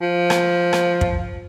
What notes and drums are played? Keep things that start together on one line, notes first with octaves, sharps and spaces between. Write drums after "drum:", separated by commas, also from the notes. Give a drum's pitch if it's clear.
F3
drum: rim click
drum: rim click
drum: kick